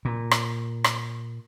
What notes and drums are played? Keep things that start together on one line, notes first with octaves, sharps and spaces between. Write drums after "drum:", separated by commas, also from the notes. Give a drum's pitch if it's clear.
A#2
drum: rim click
drum: rim click